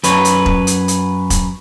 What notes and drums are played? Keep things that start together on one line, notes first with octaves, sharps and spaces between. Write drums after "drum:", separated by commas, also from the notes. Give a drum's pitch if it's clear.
F#2 B4 C#5, drum: hi-hat
drum: hi-hat
drum: kick E1
drum: hi-hat
drum: hi-hat
drum: kick E1, hi-hat